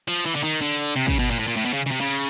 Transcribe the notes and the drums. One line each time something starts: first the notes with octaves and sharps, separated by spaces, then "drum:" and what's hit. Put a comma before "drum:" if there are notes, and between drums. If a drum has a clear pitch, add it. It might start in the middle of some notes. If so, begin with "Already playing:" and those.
F3
E3
D3
D#3
D3
C3
C#3, drum: kick
B2
A#2
A2
A#2
A2
B2
C#3
C#3
C3
C#3